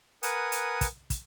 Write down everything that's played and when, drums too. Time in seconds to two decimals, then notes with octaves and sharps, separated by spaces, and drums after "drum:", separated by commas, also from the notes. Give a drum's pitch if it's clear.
0.23 A#4 B4 F#5 G#5 D#6, drum: hi-hat
0.52 drum: hi-hat
0.81 drum: kick, hi-hat
1.10 drum: kick, hi-hat